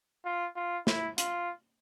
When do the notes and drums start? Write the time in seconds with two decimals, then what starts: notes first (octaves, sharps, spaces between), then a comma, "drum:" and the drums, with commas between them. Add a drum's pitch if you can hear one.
0.25 F4
0.56 F4
0.87 E4, drum: snare
1.18 F4, drum: hi-hat